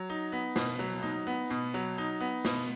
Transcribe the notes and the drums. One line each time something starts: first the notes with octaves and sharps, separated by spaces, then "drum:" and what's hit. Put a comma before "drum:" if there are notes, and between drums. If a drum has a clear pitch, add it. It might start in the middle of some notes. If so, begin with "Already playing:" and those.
Already playing: F#3
D#4
B3
B2, drum: snare
F#3
D#4
B3
B2
F#3
D#4
B3
B2, drum: snare